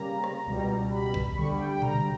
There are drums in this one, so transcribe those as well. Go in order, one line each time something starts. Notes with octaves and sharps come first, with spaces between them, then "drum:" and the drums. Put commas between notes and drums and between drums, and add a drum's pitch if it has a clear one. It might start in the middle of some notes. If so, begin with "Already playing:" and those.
Already playing: C#3 G3 A#3 A#5
drum: rim click
C#2 B2 G3
B5
drum: kick B1
D2 D3 G3 C#6
B5
G5
G5
A#5, drum: tom A#2